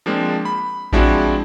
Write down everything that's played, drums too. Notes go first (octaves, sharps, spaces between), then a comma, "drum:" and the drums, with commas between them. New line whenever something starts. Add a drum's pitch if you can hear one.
F3 G#3 A#3 C4 D4
B5
F3 G#3 C4 D4 E4 F#4, drum: kick A1